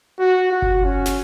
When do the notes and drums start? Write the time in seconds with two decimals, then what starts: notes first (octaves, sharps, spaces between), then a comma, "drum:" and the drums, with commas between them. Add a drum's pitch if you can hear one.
0.19 F#4
0.52 F#4
0.62 drum: kick F#1
0.84 C#4
1.06 drum: snare